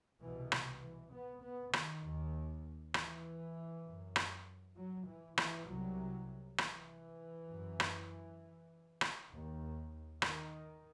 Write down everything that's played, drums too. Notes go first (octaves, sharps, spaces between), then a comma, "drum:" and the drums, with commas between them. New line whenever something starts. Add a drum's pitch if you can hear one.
C2 B2 E3
drum: rim click
E3
B3
B3
D#3, drum: rim click
D#2
E3, drum: rim click
F#2
drum: rim click
F#3
E3
E3, drum: rim click
C2 C3 F#3
E3, drum: rim click
F#2
drum: rim click
drum: rim click
D#2
D#3, drum: rim click